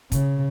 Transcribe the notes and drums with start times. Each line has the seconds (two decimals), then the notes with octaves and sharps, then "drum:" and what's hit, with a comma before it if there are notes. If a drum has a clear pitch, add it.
0.12 C#3, drum: kick, hi-hat